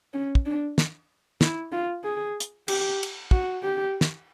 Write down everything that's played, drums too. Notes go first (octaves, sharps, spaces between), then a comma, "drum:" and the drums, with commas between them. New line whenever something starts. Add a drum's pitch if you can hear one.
C#4
drum: kick
D4
drum: snare
E4, drum: snare
F4
G#4
drum: hi-hat
G4, drum: cymbal
drum: cymbal
F#4, drum: kick
G4
drum: snare